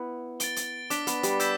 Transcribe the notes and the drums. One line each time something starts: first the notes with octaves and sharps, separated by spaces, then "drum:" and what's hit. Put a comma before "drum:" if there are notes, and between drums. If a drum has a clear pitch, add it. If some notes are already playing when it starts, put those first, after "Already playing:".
Already playing: B3 E4
A6 D7 G7, drum: hi-hat
drum: hi-hat
D4 D6 B6 D7 G7, drum: hi-hat
B3, drum: hi-hat
G3, drum: hi-hat
E6 G6 B6 E7, drum: hi-hat